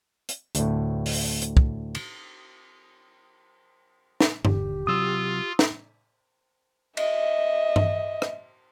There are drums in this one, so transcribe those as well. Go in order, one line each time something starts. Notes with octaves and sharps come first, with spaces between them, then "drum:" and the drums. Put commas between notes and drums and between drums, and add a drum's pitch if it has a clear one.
drum: hi-hat
D2 A2, drum: hi-hat
drum: open hi-hat
drum: hi-hat
drum: kick
drum: cymbal
drum: snare
D#1 D3 G4, drum: tom G2
C3 F#3 F4 D#6 E6
drum: snare
D#5 E5, drum: cymbal
drum: tom G2
drum: rim click